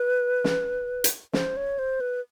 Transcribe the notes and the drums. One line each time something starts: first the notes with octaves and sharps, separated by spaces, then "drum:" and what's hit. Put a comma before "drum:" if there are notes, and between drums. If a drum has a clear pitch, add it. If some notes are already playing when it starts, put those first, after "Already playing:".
Already playing: B4
drum: snare
drum: hi-hat
C5, drum: snare
C#5
C5
B4